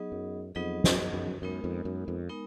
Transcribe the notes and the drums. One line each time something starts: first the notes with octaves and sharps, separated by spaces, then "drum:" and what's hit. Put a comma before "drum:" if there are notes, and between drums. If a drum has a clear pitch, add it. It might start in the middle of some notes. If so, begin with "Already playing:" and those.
Already playing: F#3 B3 D#4 G#4 D#5
F#2
F2 F#3 B3 D#4 G#4 D#5
F#2, drum: snare
F#2
F#2 G#3 B3 D#4 A#4
F2
F#2
F2
G#3 B3 D#4 A#4